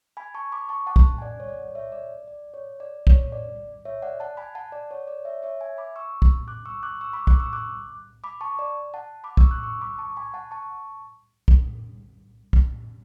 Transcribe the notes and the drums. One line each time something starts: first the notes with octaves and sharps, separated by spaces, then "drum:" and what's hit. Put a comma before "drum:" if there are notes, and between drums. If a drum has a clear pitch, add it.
G#5 B5
A5 C#6
B5 D6
A5 C#6
F#5 A5
drum: kick
G#5
D5 F#5
C#5
D5
C#5 E5
D5
D5
C#5
D5
C#5, drum: kick
D5
C#5 E5
D5 F#5
F#5 A5
G#5 B5
F#5 A5
D5
C#5
D5
C#5 E5
C#5 E5
E5 G#5
B5 D6
C#6 E6
drum: kick
D6 F#6
C#6 E6
D6 F#6
C#6 E6
B5 D6
D6 F#6, drum: kick
C#6 E6
D6 F#6
B5 D6
A5 C#6
D5
F#5 A5
B5 D6
C#6 E6, drum: kick
D6 F#6
C#6 E6
B5 D6
A5 C#6
G#5 B5
F#5 A5
A5 C#6
drum: kick
drum: kick